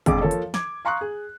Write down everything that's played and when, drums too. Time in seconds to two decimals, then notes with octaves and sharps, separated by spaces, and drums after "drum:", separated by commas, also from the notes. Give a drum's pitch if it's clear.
0.06 A#1 F2 G#3 G#4 D6, drum: kick, hi-hat
0.21 F3 A#3 A4 C#5
0.31 drum: hi-hat
0.54 D6 G#6, drum: snare
0.85 F5 A#5 C6 C#6 D#6 F#6
1.01 G#4